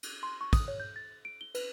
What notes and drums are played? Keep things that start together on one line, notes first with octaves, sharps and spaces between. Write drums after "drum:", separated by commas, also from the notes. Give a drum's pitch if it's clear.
drum: cymbal
C6
C#6
D#6, drum: kick, cymbal
C#5
G6
A6
D7
G7
B4, drum: cymbal